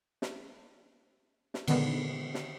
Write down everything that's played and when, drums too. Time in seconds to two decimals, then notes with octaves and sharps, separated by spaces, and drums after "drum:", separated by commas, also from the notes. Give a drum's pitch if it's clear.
0.22 drum: snare
1.54 drum: snare
1.67 A#2 D3 D#3 G#3 B3, drum: cymbal
2.34 drum: snare